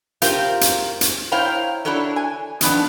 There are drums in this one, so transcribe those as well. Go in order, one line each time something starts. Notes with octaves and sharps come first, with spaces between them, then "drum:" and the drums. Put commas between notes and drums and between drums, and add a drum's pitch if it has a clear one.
C4 F4 G4 A#4 C5 F5, drum: hi-hat
drum: hi-hat
drum: hi-hat
E4 C5 C#5 F5 G5 A#5
D4 E4 F#4 A4 C#5
G#5
D#3 F3 B3 D4, drum: hi-hat